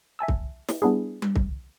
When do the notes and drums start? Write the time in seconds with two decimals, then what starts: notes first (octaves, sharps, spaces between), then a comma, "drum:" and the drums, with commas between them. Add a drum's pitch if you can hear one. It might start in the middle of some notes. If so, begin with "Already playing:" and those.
0.19 E5 G#5 A5 E6
0.28 drum: kick
0.69 drum: snare
0.82 G3 B3 D4 E4 G#4
1.22 drum: tom G3
1.35 drum: kick